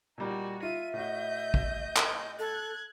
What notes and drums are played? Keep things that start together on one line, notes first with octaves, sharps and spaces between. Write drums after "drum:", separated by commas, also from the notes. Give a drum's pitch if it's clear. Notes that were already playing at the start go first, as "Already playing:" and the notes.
A#2 G3 A#3 D#4 F#4
F4 E5 D#7
A2 F#4 D#5 G6
drum: kick
drum: clap
A4 F#6 G#6